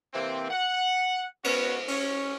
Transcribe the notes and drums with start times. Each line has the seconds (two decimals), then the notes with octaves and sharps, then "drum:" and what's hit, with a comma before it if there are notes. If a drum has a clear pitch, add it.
0.14 C3 E3 A#3 C4
0.50 F#5
1.44 B3 C#4 F#4, drum: cymbal
1.88 C#4, drum: open hi-hat